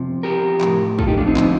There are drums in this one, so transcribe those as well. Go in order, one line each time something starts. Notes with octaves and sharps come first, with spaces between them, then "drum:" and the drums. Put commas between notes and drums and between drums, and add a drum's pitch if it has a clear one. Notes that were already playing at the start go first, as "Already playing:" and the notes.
Already playing: F2 C3 F3
G4 A#4
A2 F3, drum: clap
F4 A4, drum: kick
D#4 G4
D4 F4
C4 D#4
D3 F3, drum: clap